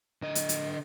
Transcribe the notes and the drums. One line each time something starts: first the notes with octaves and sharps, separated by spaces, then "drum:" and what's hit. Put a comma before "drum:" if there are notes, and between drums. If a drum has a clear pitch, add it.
D3 D#5
drum: hi-hat
drum: hi-hat